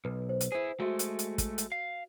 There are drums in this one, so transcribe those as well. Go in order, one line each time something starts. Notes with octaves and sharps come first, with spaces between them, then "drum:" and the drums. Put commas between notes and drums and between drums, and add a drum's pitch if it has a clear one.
B1 B4
C5
drum: hi-hat
E4 G#4 C5
G#3 A3 F#4 E5
drum: hi-hat
drum: hi-hat
drum: kick, hi-hat
drum: hi-hat
F5